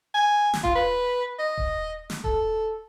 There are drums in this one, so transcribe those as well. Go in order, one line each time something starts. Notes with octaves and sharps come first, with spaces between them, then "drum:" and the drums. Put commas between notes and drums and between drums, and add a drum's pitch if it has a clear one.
G#5
drum: snare
F4, drum: kick D#1
B4
D#5
drum: kick D#1
drum: snare
A4, drum: kick D#1